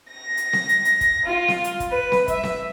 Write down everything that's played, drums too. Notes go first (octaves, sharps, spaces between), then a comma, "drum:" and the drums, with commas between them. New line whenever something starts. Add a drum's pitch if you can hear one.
A#6
drum: hi-hat
drum: snare C4
drum: hi-hat
drum: hi-hat
drum: kick, hi-hat
F4
drum: snare C4
drum: hi-hat
drum: kick, hi-hat
B4
drum: snare C4
E5, drum: kick, hi-hat
drum: snare C4